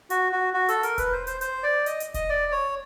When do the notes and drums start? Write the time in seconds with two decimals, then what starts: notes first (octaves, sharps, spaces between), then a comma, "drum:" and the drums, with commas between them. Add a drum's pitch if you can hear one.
0.10 F#4, drum: hi-hat
0.32 F#4
0.54 F#4
0.68 A4, drum: hi-hat
0.83 A#4, drum: hi-hat
0.98 B4, drum: kick E1, hi-hat
1.13 C5
1.27 C5, drum: hi-hat
1.41 C5, drum: hi-hat
1.63 D5
1.86 D#5, drum: hi-hat
2.00 drum: hi-hat
2.14 D#5, drum: kick E1, hi-hat
2.29 D5
2.52 C#5